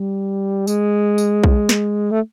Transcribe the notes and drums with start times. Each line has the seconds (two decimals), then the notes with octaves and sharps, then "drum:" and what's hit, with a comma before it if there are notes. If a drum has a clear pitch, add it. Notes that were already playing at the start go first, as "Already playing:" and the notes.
Already playing: G3
0.67 G#3, drum: tambourine
1.18 drum: tambourine
1.44 drum: kick
1.69 drum: snare
2.11 A3